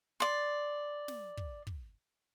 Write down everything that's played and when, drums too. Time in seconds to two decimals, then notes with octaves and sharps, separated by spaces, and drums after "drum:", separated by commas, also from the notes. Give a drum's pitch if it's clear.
0.20 D5 C6
1.08 drum: snare
1.37 drum: kick
1.67 drum: kick